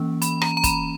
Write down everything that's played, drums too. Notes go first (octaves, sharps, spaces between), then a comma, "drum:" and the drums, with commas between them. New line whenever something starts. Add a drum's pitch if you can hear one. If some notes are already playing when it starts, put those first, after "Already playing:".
Already playing: E3 A#3 C#4
B5, drum: hi-hat
A#5, drum: rim click
A#5
B5, drum: kick, hi-hat